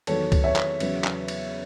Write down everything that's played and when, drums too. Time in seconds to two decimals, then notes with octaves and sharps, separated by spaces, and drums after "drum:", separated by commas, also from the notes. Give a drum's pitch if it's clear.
0.07 E2 D#3 F#3 A4 C#5, drum: cymbal
0.32 drum: kick C#2, cymbal
0.44 C#5 E5
0.56 drum: clap
0.80 E2 C#3 F#3, drum: cymbal
1.04 drum: clap
1.28 drum: cymbal